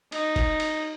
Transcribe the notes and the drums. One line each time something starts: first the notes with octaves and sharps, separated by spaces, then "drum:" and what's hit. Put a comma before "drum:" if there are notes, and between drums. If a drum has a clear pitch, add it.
D#4, drum: cymbal
drum: kick F1, cymbal
drum: cymbal